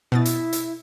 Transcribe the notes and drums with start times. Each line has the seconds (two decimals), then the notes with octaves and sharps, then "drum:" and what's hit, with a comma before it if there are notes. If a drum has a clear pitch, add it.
0.12 B2 E4 D#6 A6
0.25 drum: hi-hat
0.53 drum: hi-hat